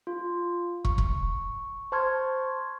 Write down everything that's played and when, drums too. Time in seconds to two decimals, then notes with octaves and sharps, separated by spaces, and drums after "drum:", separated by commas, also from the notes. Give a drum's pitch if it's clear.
0.07 F4
0.85 C#6, drum: kick
0.98 drum: kick
1.92 C5 A5 C6 C#6 F6 G#6